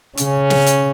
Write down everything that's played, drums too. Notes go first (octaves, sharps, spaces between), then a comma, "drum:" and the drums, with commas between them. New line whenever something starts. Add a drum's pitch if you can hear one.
C#3 C#4, drum: hi-hat
drum: snare
drum: hi-hat